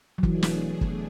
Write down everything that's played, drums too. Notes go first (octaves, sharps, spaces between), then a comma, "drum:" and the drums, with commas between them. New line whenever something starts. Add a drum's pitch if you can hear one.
F#3
B2 E3 A3 D4 G#4, drum: kick
drum: snare
drum: kick